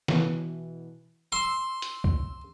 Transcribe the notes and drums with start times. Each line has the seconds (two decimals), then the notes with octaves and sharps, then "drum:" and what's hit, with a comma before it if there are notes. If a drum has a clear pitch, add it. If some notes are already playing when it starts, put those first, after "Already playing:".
0.08 B2 E3, drum: snare
1.32 C6 E6
1.82 drum: hi-hat
2.04 drum: kick